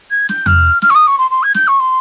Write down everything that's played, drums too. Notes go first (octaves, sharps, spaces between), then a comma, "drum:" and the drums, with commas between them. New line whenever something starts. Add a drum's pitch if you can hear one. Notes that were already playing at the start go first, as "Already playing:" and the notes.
G#6
G6, drum: snare
F6, drum: tom E2
F6, drum: snare
C#6
D#6
C#6
C6
C6
G#6
G6, drum: snare
C#6
C6